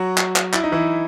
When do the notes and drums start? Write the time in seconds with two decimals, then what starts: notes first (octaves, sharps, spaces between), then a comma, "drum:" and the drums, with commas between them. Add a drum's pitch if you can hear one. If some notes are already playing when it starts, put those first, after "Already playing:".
Already playing: F#3 F#4
0.18 drum: clap
0.36 drum: clap
0.53 E4, drum: clap
0.63 D#4
0.72 E3 E4